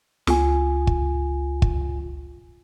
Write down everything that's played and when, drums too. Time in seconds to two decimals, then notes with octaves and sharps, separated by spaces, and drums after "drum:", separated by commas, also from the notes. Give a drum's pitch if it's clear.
0.27 C#2 F4 G#5, drum: snare
0.87 drum: kick
1.62 drum: kick